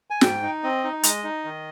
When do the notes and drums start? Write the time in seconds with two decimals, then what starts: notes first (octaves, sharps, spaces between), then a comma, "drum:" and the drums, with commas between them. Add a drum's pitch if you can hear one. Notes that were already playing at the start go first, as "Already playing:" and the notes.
0.10 G#5
0.21 G#2 G5, drum: snare
0.43 D#4
0.63 C4 D#5
0.84 D#4
1.03 G#3 D#5, drum: hi-hat
1.24 D#4
1.45 D#3